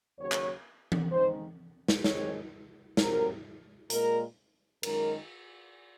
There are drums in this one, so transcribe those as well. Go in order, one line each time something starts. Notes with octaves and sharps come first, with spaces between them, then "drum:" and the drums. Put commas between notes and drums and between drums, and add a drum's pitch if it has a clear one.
D#2 C#3 F#3 C#5
drum: clap
drum: tom E3
G#2 D#3 G#3 C5
drum: snare
F2 D#3 G#3 C#5, drum: snare
F2 C3 F#3 A#4, drum: snare
A#2 G#3 A#4, drum: hi-hat
F#2 D#3 G#3 A#4, drum: cymbal